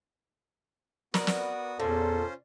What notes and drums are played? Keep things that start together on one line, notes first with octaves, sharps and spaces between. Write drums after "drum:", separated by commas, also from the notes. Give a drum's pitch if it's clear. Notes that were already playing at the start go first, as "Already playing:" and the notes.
B3 F#4 A#4 B4 D5 D#6, drum: snare
drum: snare
E2 A#2 C#4 F4 A4 C5